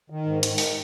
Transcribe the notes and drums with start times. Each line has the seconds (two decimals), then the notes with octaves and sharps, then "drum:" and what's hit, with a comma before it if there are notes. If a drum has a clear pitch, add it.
0.10 D#3
0.25 G#2
0.43 D#3, drum: hi-hat
0.58 G#2, drum: open hi-hat